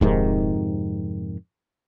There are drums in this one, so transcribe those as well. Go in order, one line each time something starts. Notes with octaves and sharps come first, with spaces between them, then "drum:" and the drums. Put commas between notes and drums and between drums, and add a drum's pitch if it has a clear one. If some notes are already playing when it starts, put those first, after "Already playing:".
F2 G#2 C3 D#3, drum: kick D1